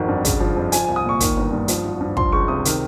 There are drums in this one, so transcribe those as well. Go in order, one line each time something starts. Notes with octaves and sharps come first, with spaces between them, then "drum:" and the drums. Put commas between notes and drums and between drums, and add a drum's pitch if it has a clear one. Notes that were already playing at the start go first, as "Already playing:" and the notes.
Already playing: G#1 F2 D#3
G2
C#3, drum: kick, hi-hat
F3
F2
F3 G#5, drum: hi-hat
G#5
C2
D#6
A#2 C#6
D#3, drum: kick, hi-hat
G1
G2
F3, drum: hi-hat
G#1
G2
F3 C6, drum: kick
C#2 C#6
C3 D#6
D#3, drum: hi-hat